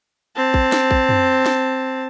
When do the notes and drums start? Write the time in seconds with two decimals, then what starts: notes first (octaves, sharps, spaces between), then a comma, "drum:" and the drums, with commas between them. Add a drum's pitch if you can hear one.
0.36 C4 A5
0.54 drum: kick
0.72 drum: snare
0.91 drum: kick
1.09 drum: tom
1.46 drum: snare